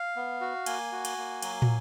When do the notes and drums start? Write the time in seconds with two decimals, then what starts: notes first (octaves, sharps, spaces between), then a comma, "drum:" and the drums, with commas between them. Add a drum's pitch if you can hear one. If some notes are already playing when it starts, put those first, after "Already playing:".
Already playing: F5
0.16 B3
0.41 F#4
0.66 A#3 G#5, drum: cymbal
0.92 F#4
1.05 drum: cymbal
1.18 A#3
1.42 F#3, drum: cymbal
1.62 drum: tom